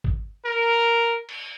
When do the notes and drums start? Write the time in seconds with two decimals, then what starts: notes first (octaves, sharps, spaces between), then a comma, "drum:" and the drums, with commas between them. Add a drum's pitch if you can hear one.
0.04 drum: kick
0.46 A#4
1.29 drum: cymbal